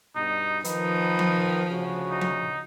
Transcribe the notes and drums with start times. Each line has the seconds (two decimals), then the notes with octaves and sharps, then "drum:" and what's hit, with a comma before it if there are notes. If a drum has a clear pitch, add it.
0.16 G2 B2 D#4
0.64 D#3 F3 D#4 B4, drum: hi-hat
1.19 drum: tom F3
1.69 D2 C#3 F#4
2.11 D#4
2.21 drum: tom F3